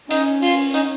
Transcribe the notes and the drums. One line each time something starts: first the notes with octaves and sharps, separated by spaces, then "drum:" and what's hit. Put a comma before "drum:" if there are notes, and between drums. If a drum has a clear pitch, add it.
C#4 D#4, drum: hi-hat
F4, drum: open hi-hat
D#4, drum: hi-hat